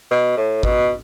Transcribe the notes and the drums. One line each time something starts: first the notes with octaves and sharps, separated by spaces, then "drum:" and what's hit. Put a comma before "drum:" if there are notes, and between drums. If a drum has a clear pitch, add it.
B2
A2
B2, drum: kick G#1